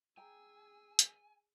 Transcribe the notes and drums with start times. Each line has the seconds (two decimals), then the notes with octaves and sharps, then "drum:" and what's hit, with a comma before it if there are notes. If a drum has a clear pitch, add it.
0.17 G#4 G5 G#5 A#5 E6
0.99 drum: hi-hat